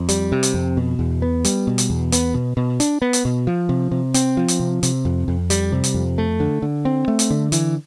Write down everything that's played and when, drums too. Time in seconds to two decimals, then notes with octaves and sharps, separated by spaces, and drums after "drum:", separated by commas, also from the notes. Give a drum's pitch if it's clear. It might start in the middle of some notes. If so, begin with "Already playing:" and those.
Already playing: F2
0.09 G3, drum: hi-hat
0.32 C3
0.43 drum: hi-hat
0.54 F2
0.77 B2
0.99 E2
1.22 B3
1.45 G3, drum: hi-hat
1.67 B2
1.78 drum: hi-hat
1.90 E2
2.12 B3, drum: hi-hat
2.34 B2
2.57 B2
2.80 D4, drum: hi-hat
3.02 B3
3.13 drum: hi-hat
3.25 B2
3.47 F3
3.69 C3
3.91 C3
4.14 C4, drum: hi-hat
4.37 F3
4.48 drum: hi-hat
4.60 C3
4.83 C3, drum: hi-hat
5.05 F2
5.28 F2
5.50 G3, drum: hi-hat
5.72 C3
5.84 drum: hi-hat
5.94 F2
6.18 A3
6.40 D3
6.62 D3
6.85 C4
7.08 A3
7.19 drum: hi-hat
7.30 D3
7.52 E3, drum: hi-hat